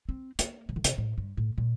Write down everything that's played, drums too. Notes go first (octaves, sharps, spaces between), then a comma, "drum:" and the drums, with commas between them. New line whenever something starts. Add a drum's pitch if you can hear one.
C4
A#3, drum: hi-hat
C3
D3
C3, drum: hi-hat
A2
G2
A2
A#2